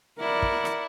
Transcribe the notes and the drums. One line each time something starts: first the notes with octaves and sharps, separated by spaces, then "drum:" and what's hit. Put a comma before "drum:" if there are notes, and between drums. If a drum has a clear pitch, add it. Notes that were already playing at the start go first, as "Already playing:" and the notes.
E4 A#4 D5 F#5
drum: kick
drum: rim click